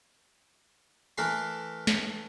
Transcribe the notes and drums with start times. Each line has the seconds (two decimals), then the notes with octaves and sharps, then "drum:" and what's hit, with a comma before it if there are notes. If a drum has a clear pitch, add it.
1.18 E3 A3 A#4 B4 B5 C6
1.87 drum: snare